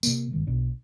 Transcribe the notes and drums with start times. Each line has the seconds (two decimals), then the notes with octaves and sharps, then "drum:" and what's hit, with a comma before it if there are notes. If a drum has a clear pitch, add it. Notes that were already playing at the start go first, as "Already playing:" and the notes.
0.03 C3 A#3, drum: tambourine
0.31 G1 D#3 G#3
0.47 B1 B2 D4